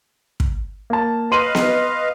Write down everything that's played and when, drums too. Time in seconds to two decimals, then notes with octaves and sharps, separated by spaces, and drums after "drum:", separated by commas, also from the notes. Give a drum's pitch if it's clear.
0.40 drum: kick
0.90 A#3 A5
1.32 B4 D#5 F5 C6 D#7 F#7
1.55 drum: snare B3